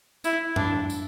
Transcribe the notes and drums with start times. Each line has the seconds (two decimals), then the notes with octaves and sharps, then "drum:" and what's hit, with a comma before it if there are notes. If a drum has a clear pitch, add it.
0.24 E4, drum: tambourine
0.56 D4, drum: tom F#2
0.90 drum: tambourine